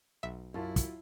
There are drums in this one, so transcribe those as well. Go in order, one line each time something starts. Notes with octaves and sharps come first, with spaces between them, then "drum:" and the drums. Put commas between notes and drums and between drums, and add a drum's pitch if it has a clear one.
B1 E5
F#2 F#3 E4 F4 A5
drum: kick, hi-hat